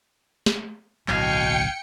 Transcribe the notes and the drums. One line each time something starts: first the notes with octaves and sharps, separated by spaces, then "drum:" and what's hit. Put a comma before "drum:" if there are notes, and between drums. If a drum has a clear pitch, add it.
drum: snare
D1 B1 B2 D3 F5 G5 G#5 C#7, drum: clap